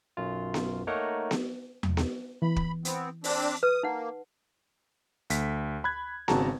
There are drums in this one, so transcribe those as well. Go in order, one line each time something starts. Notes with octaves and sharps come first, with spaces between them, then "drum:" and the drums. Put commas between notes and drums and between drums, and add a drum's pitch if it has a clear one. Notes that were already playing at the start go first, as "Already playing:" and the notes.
B1 F#2 F4
drum: snare B3
A3 A#3 D#4 A#4 C#5 F#5
drum: snare B3
drum: tom E2
drum: snare B3
E3 B5
drum: kick
B3 C4, drum: hi-hat
C4 D4, drum: open hi-hat
B4 D#6
A#3 D#4 F#5
D2 B6, drum: hi-hat
B5 F#6 G#6
G#1 C#3 C4 F#4 A5 A#5, drum: snare B3